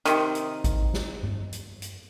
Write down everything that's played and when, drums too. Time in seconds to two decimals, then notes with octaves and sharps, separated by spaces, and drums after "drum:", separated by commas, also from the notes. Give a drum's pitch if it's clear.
0.05 C3 D#3, drum: hi-hat
0.35 drum: hi-hat
0.64 drum: kick G#1, hi-hat
0.94 drum: snare
1.23 drum: tom G2
1.53 drum: hi-hat
1.82 drum: hi-hat